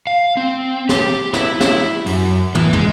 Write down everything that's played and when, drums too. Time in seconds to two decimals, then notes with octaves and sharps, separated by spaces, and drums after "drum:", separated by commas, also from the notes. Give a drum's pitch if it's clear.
0.07 F5
0.37 C4
0.89 G4, drum: snare
1.33 E4, drum: snare
1.61 E4, drum: snare
2.06 F#2, drum: open hi-hat
2.55 E3, drum: tom
2.73 G#3, drum: tom